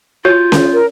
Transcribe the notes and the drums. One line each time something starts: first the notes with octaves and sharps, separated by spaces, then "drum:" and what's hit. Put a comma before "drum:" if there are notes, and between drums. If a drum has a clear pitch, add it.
F4 F#4 C#5 G6
drum: snare C#4
A#4